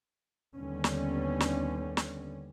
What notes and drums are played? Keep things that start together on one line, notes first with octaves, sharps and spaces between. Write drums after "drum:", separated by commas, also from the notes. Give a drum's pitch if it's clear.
D#2 D3 G3 B3 C#4
drum: snare
drum: snare
drum: snare